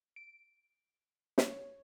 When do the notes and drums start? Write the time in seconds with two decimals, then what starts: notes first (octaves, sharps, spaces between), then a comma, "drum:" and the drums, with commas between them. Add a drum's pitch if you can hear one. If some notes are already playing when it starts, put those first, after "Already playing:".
0.16 D7
1.38 C#5, drum: snare